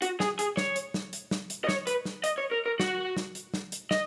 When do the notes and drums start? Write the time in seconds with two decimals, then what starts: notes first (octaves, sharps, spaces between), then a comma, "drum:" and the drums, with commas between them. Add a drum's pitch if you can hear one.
0.02 F#4, drum: hi-hat
0.20 G#4, drum: snare
0.39 G#4, drum: hi-hat
0.57 C#5, drum: snare
0.76 drum: hi-hat
0.94 drum: snare
1.13 drum: hi-hat
1.31 drum: snare
1.50 drum: hi-hat
1.64 D#5
1.69 C#5, drum: snare
1.87 B4, drum: hi-hat
2.05 drum: snare
2.24 D#5, drum: hi-hat
2.38 C#5
2.51 A#4
2.66 A#4
2.80 F#4, drum: snare
3.17 drum: snare
3.35 drum: hi-hat
3.54 drum: snare
3.72 drum: hi-hat
3.91 D#5, drum: snare